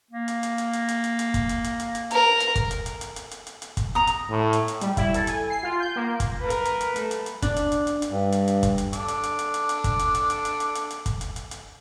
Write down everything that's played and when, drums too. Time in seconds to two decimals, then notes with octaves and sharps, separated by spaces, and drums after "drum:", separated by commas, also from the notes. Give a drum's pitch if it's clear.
0.11 A#3
0.28 drum: hi-hat
0.43 drum: hi-hat
0.58 drum: hi-hat
0.73 drum: hi-hat
0.89 drum: hi-hat
1.04 drum: hi-hat
1.19 drum: hi-hat
1.34 drum: kick, hi-hat
1.49 drum: hi-hat
1.64 drum: hi-hat
1.80 drum: hi-hat
1.95 drum: hi-hat
2.11 A#4, drum: hi-hat
2.40 drum: hi-hat
2.56 drum: kick, hi-hat
2.71 drum: hi-hat
2.86 drum: hi-hat
3.01 drum: hi-hat
3.16 drum: hi-hat
3.31 drum: hi-hat
3.47 drum: hi-hat
3.62 drum: hi-hat
3.77 drum: kick, hi-hat
3.95 A#5 D#6
4.07 drum: hi-hat
4.30 A2
4.53 drum: hi-hat
4.68 drum: hi-hat
4.81 G3, drum: hi-hat
4.97 E4, drum: kick, hi-hat
5.14 A4, drum: hi-hat
5.27 G#5, drum: hi-hat
5.50 C7
5.63 F4
5.80 G6
5.96 A#3
6.20 drum: kick, hi-hat
6.41 A#4 B4
6.50 drum: hi-hat
6.65 drum: hi-hat
6.81 drum: hi-hat
6.96 A3, drum: hi-hat
7.11 drum: hi-hat
7.26 drum: hi-hat
7.42 D4, drum: kick, hi-hat
7.56 drum: hi-hat
7.72 drum: hi-hat
7.87 drum: hi-hat
8.02 drum: hi-hat
8.11 G2
8.32 drum: hi-hat
8.48 drum: hi-hat
8.63 drum: kick, hi-hat
8.78 drum: hi-hat
8.93 D4 A4 D6, drum: hi-hat
9.08 drum: hi-hat
9.23 drum: hi-hat
9.39 drum: hi-hat
9.54 drum: hi-hat
9.69 drum: hi-hat
9.84 drum: kick, hi-hat
9.99 drum: hi-hat
10.15 drum: hi-hat
10.30 drum: hi-hat
10.45 drum: hi-hat
10.60 drum: hi-hat
10.75 drum: hi-hat
10.90 drum: hi-hat
11.06 drum: kick, hi-hat
11.21 drum: hi-hat
11.36 drum: hi-hat
11.51 drum: hi-hat